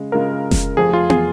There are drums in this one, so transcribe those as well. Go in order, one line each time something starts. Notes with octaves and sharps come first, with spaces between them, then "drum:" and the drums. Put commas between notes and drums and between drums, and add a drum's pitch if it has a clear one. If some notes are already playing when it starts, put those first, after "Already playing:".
Already playing: C#3 G#3
C#3 G#3 F4 A#4
drum: snare F1
F1 F2 F3 G#4
F4
G#4, drum: tom